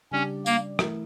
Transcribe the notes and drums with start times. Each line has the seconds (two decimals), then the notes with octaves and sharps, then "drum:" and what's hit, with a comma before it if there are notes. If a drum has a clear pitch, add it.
0.12 C#3 G3 C#4 D4 G4 D5
0.46 A#3, drum: tambourine
0.79 E3 A3 E4 A#4, drum: rim click